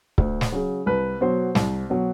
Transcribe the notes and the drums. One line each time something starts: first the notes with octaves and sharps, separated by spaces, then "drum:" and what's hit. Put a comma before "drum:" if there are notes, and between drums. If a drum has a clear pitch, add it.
D2, drum: kick C#1
drum: snare
C#3 F#3
C2 B4
B2 F#3 C5
C2, drum: snare
B2 F#3